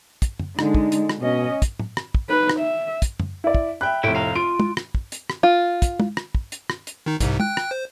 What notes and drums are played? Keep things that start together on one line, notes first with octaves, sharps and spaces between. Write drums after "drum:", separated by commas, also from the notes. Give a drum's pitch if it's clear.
drum: kick, hi-hat
drum: tom F#2
D3 G#3 D#4, drum: rim click
drum: kick
drum: hi-hat
drum: rim click
B2 C#4 D#5
drum: kick, hi-hat
drum: tom
drum: rim click
drum: kick
D#4 B4
drum: rim click
E5
drum: kick, hi-hat
drum: tom F#2
E4 D5
drum: kick
E5 G5 B5 F#6
F1 A2 E4 G5
F5 A#5
F4 D7
drum: tom
drum: rim click
drum: kick
drum: hi-hat
drum: rim click
F4
drum: kick, hi-hat
drum: tom
drum: rim click
drum: kick
drum: hi-hat
drum: rim click
drum: hi-hat
D#3 D#4
C2 G#2 C3, drum: kick, hi-hat
G5 F#6, drum: tom
drum: rim click
C5